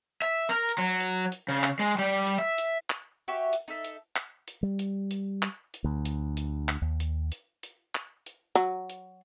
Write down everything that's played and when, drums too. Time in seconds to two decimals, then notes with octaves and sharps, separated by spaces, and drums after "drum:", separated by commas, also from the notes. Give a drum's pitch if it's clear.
0.22 E5
0.49 A#4
0.69 drum: hi-hat
0.78 F#3
1.00 drum: hi-hat
1.32 drum: hi-hat
1.48 C#3
1.64 drum: clap
1.79 G#3
1.99 G3
2.27 drum: hi-hat
2.38 E5
2.58 drum: hi-hat
2.90 drum: clap
3.28 F#4 G4 C#5 E5
3.53 drum: hi-hat
3.68 D#4 A4 E5
3.85 drum: hi-hat
4.16 drum: clap
4.48 drum: hi-hat
4.63 G3
4.79 drum: hi-hat
5.11 drum: hi-hat
5.42 drum: clap
5.74 drum: hi-hat
5.84 D2
6.05 drum: hi-hat
6.37 drum: hi-hat
6.69 drum: clap
6.82 D#2
7.00 drum: hi-hat
7.32 drum: hi-hat
7.63 drum: hi-hat
7.95 drum: clap
8.26 drum: hi-hat
8.55 F#3, drum: hi-hat
8.90 drum: hi-hat